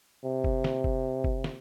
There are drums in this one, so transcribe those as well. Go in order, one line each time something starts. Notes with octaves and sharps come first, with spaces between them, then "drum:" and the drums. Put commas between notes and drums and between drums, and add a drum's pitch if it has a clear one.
C3
drum: kick F#1
drum: snare
drum: kick F#1
drum: kick F#1
drum: snare